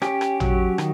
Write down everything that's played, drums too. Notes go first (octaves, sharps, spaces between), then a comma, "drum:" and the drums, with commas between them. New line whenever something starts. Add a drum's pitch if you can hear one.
C#4 G4, drum: rim click
drum: rim click
F#3, drum: tom
D#3, drum: rim click